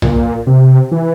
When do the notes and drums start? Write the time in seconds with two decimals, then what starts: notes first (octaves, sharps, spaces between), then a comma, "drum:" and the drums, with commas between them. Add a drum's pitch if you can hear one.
0.02 A#2, drum: tom B1
0.47 C3
0.92 E3